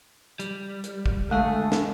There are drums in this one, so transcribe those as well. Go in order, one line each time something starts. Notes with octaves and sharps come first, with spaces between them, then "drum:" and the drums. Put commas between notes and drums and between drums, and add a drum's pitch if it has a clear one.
G3, drum: hi-hat
drum: hi-hat
drum: kick
D2 G#3 A3 G#4
drum: snare